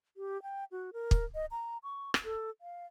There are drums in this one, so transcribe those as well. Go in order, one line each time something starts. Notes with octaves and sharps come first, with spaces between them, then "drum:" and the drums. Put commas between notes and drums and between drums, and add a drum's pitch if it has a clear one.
G4
G5
F#4
A#4
drum: kick
D#5
A#5
C#6
drum: rim click
A4
F5